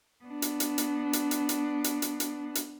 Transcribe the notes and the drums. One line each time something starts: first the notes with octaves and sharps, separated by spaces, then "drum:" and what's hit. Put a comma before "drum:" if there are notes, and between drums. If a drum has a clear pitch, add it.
B3 D4
drum: hi-hat
drum: hi-hat
drum: hi-hat
drum: hi-hat
drum: hi-hat
drum: hi-hat
drum: hi-hat
drum: hi-hat
drum: hi-hat
drum: hi-hat